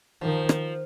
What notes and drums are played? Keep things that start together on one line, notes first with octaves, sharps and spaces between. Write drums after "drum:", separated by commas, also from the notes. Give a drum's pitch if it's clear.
D#3 F3
drum: rim click